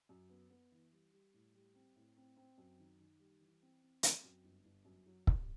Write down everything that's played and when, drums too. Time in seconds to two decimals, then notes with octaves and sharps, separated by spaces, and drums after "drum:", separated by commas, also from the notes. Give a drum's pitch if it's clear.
0.09 F#2
0.30 B3
0.50 B3
0.72 E3
0.92 G3
1.12 G3
1.34 A2
1.54 G3
1.75 C4
1.96 A2
2.17 C4
2.37 C4
2.58 F#2
2.79 D#3
3.00 D#3
3.19 G3
3.41 E3
3.62 C4
3.82 C4
4.03 C4, drum: hi-hat
4.24 F#2
4.44 G1
4.65 G1
4.85 F#2
5.06 F#3
5.27 C3, drum: kick